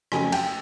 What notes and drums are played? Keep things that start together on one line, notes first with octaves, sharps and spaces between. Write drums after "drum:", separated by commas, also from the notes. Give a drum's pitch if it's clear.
F2 C#3 F#3 A3 G#5, drum: rim click
G5, drum: cymbal